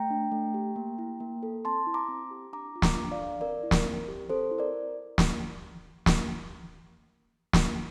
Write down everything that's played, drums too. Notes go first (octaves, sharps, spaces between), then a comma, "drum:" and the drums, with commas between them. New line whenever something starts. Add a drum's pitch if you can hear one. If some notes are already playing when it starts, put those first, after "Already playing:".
Already playing: A3 G5 A#5
D4
A3
G4
A#3
E4
A#3
A4
C4 A5 C6
E4
A#5 D6
C4
G4
D4 A#5 D6
F4
A#5 D6, drum: snare
D4
D5 F5
A4
C4 A#4 D5
E4
A#4, drum: snare
C4
G4
C4 A4 C5
E4
A#4 D5
drum: snare
drum: snare
drum: snare